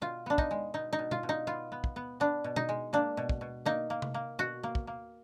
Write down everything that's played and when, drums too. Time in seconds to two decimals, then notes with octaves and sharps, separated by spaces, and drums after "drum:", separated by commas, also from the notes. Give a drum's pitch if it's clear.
0.02 B2 F4
0.26 B3 D4
0.38 D#4, drum: kick
0.51 G#3
0.74 B2 D#4
0.93 D#4
0.99 B2
1.11 F4, drum: tom B2
1.23 B2
1.29 D#4
1.47 B3 F4
1.72 B3
1.84 drum: kick
1.96 B3
2.20 B3 D4
2.44 B2
2.56 D#4, drum: tom B2
2.69 G#3
2.93 A#3 D4
3.17 B2
3.29 drum: kick
3.41 B2
3.66 A#3 D#4
3.90 A#3
4.02 drum: tom C3
4.14 A#3
4.39 B2 F#4
4.63 A#3
4.75 drum: kick
4.87 A#3